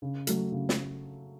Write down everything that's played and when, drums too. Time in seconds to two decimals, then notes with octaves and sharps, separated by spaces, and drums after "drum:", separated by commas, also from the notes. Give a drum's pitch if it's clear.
0.02 C#3
0.27 F#3 A3, drum: hi-hat
0.52 C#3
0.69 drum: snare